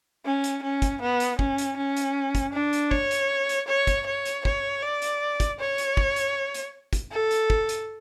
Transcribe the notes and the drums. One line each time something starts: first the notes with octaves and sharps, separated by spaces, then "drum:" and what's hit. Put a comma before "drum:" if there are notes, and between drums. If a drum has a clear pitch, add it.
C#4
drum: hi-hat
C#4
drum: kick, hi-hat
B3
drum: hi-hat
C#4, drum: kick
drum: hi-hat
C#4
drum: hi-hat
drum: kick, hi-hat
D4
drum: hi-hat
C#5, drum: kick
drum: hi-hat
drum: hi-hat
C#5
drum: kick, hi-hat
C#5
drum: hi-hat
C#5, drum: kick
D5
drum: hi-hat
drum: kick, hi-hat
C#5
drum: hi-hat
drum: kick
drum: hi-hat
drum: hi-hat
drum: kick, hi-hat
A4
drum: hi-hat
drum: kick
drum: hi-hat